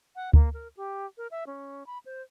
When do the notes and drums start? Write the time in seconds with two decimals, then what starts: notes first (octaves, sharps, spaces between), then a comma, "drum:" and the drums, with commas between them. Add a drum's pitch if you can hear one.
0.16 F#5
0.33 A#3, drum: kick D2
0.54 A#4
0.77 G4
1.18 A#4
1.31 E5
1.47 C#4
1.87 B5
2.06 C5